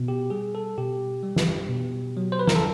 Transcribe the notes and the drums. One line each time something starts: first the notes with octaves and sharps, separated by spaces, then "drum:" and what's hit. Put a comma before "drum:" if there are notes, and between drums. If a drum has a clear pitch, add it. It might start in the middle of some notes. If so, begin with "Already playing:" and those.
Already playing: B2
G4
G3 G#4
A4
B2 G4
G3
drum: snare
B2
F#3
C5
B4
A#4, drum: snare
A4